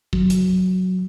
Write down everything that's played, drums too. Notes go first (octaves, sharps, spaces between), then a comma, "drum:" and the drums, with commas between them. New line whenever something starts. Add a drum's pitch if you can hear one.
F#3, drum: kick
drum: hi-hat